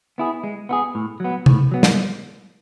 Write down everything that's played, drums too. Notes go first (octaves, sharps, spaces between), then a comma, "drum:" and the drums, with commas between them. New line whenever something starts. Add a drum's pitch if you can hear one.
B3 E4 G#4
G#3
B3 E4 G#4
A2
F#3 B3
A2, drum: tom
F#3 B3
drum: snare